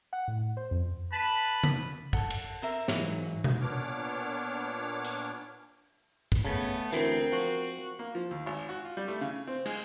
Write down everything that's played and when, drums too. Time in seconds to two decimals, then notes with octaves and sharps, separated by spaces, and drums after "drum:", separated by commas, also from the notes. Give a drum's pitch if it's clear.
0.13 F#5
0.28 A2
0.57 C5
0.71 F2
1.12 B4 A5 B5
1.64 drum: tom C#3
2.13 A4 F#5, drum: kick
2.30 drum: cymbal
2.62 C4 A#4 E5
2.88 G#2 E3 F#3, drum: snare
3.44 drum: tom B2
3.61 A#2 B3 D4 C#5 D6 F6
5.05 drum: hi-hat
6.32 drum: kick
6.45 C#3 A3 B3
6.92 D2 E3 C4 A#4, drum: hi-hat
7.32 F3 F#4
7.99 A#3
8.15 F3
8.31 D#2
8.46 G#1
8.69 F#4
8.85 F4
8.97 G3
9.08 A3
9.21 C#3
9.48 C4
9.66 G#3, drum: cymbal